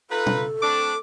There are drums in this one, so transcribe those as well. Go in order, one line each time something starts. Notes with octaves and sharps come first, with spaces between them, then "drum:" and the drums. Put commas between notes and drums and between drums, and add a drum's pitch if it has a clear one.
D#4 F4 A4 B4
drum: tom B2
A3 C4 D4 D6